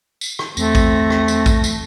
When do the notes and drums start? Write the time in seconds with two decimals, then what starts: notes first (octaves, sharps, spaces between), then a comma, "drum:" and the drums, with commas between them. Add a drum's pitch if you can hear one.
0.21 drum: tambourine
0.39 drum: rim click
0.57 E2 A3 C4 A#6, drum: tambourine
0.75 drum: kick A#1, tambourine
1.10 drum: rim click
1.28 drum: tambourine
1.46 drum: kick A#1, tambourine
1.64 drum: tambourine